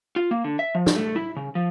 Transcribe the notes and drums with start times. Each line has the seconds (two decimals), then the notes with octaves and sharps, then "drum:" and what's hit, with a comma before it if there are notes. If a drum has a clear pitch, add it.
0.16 F4
0.31 A#3
0.44 D3
0.59 E5
0.75 F3
0.86 drum: snare
0.96 A3
1.16 E4
1.36 C#3
1.55 F3